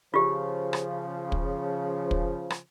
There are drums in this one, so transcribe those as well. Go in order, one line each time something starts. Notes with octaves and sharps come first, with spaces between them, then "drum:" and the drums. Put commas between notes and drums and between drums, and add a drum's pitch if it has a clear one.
C#3 F3 F4 G4
drum: rim click
drum: kick
drum: kick
drum: rim click